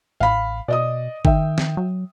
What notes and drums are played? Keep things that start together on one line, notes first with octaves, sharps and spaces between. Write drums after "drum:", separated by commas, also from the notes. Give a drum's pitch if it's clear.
A1 F5 B5
B2 D5 D#5 D#6
D#3 E5 G5, drum: kick
drum: snare
F#3